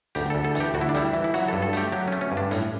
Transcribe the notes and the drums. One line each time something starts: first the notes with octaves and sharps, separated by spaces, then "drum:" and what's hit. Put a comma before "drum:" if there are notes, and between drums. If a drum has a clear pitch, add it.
D2 G4, drum: hi-hat
D2 A4
A4
E3, drum: hi-hat
G4
D2 F#4
E4
D4
G3 E4, drum: hi-hat
E3
E4
F#3 F#4, drum: hi-hat
G2 A4
A4
A3 G4, drum: hi-hat
F#3 G4
C#4
A3
C#4
G2
D4
A2 C#4, drum: hi-hat